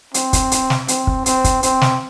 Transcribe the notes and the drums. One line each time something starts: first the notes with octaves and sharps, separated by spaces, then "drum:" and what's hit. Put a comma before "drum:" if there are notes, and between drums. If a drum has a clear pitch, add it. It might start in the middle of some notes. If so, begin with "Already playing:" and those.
C4, drum: hi-hat
drum: kick, hi-hat
drum: hi-hat
drum: snare
C4, drum: hi-hat
drum: kick
C4, drum: hi-hat
drum: kick, hi-hat
C4, drum: hi-hat
drum: snare